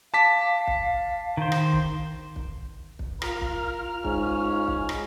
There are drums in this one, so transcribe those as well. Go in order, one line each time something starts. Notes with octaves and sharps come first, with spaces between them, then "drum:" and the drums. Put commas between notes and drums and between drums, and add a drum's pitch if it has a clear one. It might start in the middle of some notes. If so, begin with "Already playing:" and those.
F5 A5 D6 B6
drum: kick
D#3 C5
drum: rim click
drum: kick
drum: kick
drum: kick
F4 A#4 F6, drum: rim click
drum: kick
G#2 C#4, drum: kick
drum: kick
drum: rim click